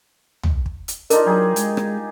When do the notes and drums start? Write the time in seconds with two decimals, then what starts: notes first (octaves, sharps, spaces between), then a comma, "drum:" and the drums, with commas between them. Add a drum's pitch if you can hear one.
0.43 drum: tom
0.66 drum: kick
0.88 drum: hi-hat
1.10 D4 D#4 F4 A#4 D#5, drum: hi-hat
1.26 F#3 D#4 G4 G#4
1.56 G#3, drum: hi-hat
1.77 drum: rim click